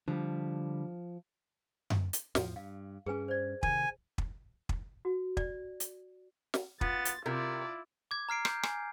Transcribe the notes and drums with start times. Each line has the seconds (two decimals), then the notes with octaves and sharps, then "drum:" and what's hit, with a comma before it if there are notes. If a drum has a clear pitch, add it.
0.08 D3 F3 G3
1.90 drum: tom F#2
2.13 drum: hi-hat
2.35 E2 A2 F3, drum: snare
2.56 G2 F5
3.06 G2 C#4 G#4 B4 G#5
3.28 C5 D5
3.63 C3 D#3 G#5, drum: kick
4.18 drum: kick
4.69 drum: kick
5.05 F#4
5.37 D5, drum: kick
5.80 drum: hi-hat
6.54 drum: snare
6.81 B3 F4 A6, drum: kick
7.05 drum: hi-hat
7.26 C3 E4 F4 A#4 D5
8.11 D6 G#6
8.29 A#5 F6 C7 D7
8.45 G6, drum: rim click
8.63 G#5, drum: rim click